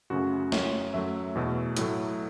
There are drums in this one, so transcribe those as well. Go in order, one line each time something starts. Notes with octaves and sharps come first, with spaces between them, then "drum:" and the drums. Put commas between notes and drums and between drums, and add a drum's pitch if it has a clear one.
F#2 C#3 A3 F#4
F#2 F#3 A3 C#5, drum: snare
F#2 F#3 A3 E5
E2 B2 A3
A2 F#3 A3, drum: hi-hat